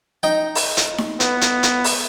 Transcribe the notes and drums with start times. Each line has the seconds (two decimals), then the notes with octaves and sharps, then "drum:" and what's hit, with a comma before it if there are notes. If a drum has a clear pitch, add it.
0.23 D#4 G5
0.55 drum: open hi-hat
0.77 drum: hi-hat
0.98 drum: snare D#4
1.20 B3, drum: hi-hat
1.41 drum: hi-hat
1.63 drum: hi-hat
1.84 drum: open hi-hat